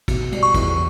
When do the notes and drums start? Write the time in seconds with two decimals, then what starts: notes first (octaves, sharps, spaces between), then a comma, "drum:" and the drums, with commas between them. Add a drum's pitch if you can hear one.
0.08 B2, drum: kick, cymbal
0.32 G3, drum: cymbal
0.43 C#6
0.54 E2, drum: kick, cymbal